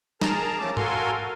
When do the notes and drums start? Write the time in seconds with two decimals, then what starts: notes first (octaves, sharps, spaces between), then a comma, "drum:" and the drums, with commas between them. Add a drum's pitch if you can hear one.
0.22 G#4 A#4 A5 A#5, drum: snare
0.59 F3 A3 C#4 A5 D6
0.77 F#4 A4 A#4 F5 G#5 C6, drum: tom G#2